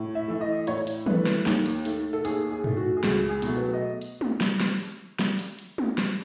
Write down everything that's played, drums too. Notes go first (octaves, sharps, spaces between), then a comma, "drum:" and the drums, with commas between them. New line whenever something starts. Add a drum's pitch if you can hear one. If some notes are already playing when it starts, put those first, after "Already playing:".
Already playing: A2
E5
E3 A3
D#5
A2 C#5, drum: hi-hat
drum: hi-hat
E3 A3 B4, drum: tom
drum: snare
D#2, drum: snare
drum: hi-hat
D#3 A3, drum: hi-hat
A4
D#2 G#4, drum: hi-hat
G#4
D#3 A3, drum: tom
F#4
G#4
C#2 F#4, drum: snare
G#4
B2 F#3 A3, drum: hi-hat
B4
D#5
drum: hi-hat
drum: tom
drum: snare
drum: snare
drum: hi-hat
drum: snare
drum: hi-hat
drum: hi-hat
drum: tom
drum: snare